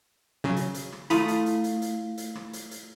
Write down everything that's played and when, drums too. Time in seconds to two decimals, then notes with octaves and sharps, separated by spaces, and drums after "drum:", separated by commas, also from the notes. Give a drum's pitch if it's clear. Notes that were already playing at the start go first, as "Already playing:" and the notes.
0.44 C#3 F#3
0.56 drum: hi-hat
0.74 drum: hi-hat
0.92 drum: rim click
1.10 A3 E4 F4 B5 D#6, drum: hi-hat
1.28 drum: hi-hat
1.46 drum: hi-hat
1.64 drum: hi-hat
1.82 drum: hi-hat
2.18 drum: hi-hat
2.35 drum: rim click
2.53 drum: hi-hat
2.71 drum: hi-hat